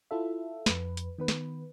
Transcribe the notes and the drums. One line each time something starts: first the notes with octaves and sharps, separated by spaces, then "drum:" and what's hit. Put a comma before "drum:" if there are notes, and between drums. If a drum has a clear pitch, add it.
E4 F4 A4 E5
F2 B4, drum: snare
drum: hi-hat
D#3 B3 B4
drum: snare